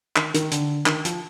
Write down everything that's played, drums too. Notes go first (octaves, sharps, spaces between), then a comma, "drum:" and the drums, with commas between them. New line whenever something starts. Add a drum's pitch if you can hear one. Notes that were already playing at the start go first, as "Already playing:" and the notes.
D#3, drum: clap
D#3, drum: hi-hat
D3, drum: hi-hat
D#3, drum: clap
F3, drum: hi-hat